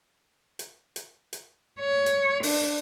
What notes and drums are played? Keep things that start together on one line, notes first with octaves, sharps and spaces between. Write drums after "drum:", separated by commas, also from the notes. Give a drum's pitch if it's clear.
drum: hi-hat
drum: hi-hat
drum: hi-hat
C#5
drum: hi-hat
D4, drum: open hi-hat